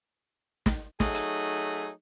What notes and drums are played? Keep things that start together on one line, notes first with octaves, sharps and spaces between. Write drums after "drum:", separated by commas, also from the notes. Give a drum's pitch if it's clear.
drum: snare
F#3 A3 D#4 G#4, drum: snare
drum: hi-hat